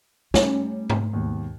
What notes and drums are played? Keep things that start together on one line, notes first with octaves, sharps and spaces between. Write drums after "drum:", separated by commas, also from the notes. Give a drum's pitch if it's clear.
G3 A3 C#4 D#4, drum: snare
drum: tom G#2
D#2 G#2 B2